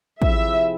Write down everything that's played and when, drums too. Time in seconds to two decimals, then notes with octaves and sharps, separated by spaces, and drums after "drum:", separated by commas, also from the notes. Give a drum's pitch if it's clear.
0.22 C3 F3 C4 E4 G#4 E5, drum: kick